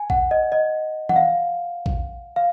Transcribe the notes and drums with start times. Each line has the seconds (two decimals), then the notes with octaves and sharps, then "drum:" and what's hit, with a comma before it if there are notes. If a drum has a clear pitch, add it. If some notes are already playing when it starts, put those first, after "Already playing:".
Already playing: G#5
0.10 F#5, drum: kick A#1
0.31 D#5
0.52 D#5
1.09 F#5, drum: tom E3
1.16 F5
1.86 drum: kick A#1
2.36 F5